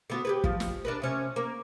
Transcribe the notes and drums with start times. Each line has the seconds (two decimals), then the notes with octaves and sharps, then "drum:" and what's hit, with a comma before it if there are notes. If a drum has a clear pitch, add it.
0.10 D3 B3 F#4
0.25 G4 G#4 B4
0.44 F3, drum: kick
0.60 drum: snare
0.85 D4 A#4 B4
1.02 C3 C#4
1.36 A#3